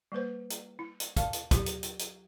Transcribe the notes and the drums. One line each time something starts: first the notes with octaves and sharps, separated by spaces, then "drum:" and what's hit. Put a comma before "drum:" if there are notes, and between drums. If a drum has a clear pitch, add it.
G3 A#3 B4 C5
drum: hi-hat
E4
drum: hi-hat
A#4 F5 A5, drum: kick, hi-hat
drum: hi-hat
F#3 E4 G4, drum: kick, hi-hat
drum: hi-hat
drum: hi-hat
drum: hi-hat